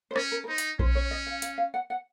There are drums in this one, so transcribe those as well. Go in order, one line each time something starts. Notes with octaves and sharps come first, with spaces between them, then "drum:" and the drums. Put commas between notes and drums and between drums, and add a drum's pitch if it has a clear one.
C5
C#4 A#4, drum: rim click
A#4
A#4
D#4 C5
drum: hi-hat
C#4 C5, drum: kick A#1
C#5
D#5
F5
F5, drum: hi-hat
F5
F#5
F#5